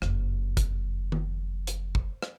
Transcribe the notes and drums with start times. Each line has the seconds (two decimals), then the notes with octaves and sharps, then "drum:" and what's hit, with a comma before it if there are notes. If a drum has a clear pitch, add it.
0.02 F#1 F2, drum: rim click
0.57 drum: kick, hi-hat
1.12 drum: tom D#3
1.67 drum: hi-hat
1.95 drum: kick
2.22 drum: rim click